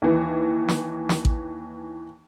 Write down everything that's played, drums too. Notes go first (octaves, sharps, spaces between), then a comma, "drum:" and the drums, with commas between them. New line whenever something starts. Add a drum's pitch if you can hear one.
D#2 E3
drum: snare
drum: snare
drum: kick A1